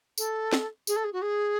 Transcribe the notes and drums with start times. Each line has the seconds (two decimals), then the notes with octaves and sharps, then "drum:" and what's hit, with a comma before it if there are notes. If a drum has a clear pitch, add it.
0.18 A4, drum: tambourine
0.53 drum: snare
0.87 G#4, drum: tambourine
0.96 A4
1.04 G#4
1.12 F#4
1.21 G#4